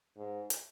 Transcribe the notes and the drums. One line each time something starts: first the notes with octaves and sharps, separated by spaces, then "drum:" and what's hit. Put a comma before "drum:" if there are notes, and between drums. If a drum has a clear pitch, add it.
G#2
drum: hi-hat